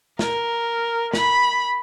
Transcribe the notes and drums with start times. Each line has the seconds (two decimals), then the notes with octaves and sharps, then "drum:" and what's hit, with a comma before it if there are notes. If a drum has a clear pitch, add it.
0.19 A#4, drum: snare
1.13 B5, drum: snare